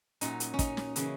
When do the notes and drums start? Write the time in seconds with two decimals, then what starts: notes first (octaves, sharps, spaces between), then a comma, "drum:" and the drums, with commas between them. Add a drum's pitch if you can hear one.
0.21 A#2 F#3 C#4 D#4, drum: hi-hat
0.40 drum: hi-hat
0.54 C#4
0.59 D#4, drum: kick, hi-hat
0.77 drum: snare
0.96 C#3 E3 A#3 C#4, drum: hi-hat